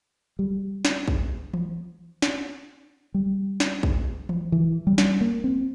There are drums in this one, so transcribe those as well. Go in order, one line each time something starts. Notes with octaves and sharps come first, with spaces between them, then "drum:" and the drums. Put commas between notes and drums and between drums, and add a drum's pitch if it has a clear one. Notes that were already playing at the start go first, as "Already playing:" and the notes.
G3
drum: snare
drum: kick
drum: tom E3
drum: snare
G3
drum: snare
drum: kick
drum: tom E3
E3
G3
drum: snare
A#3
C4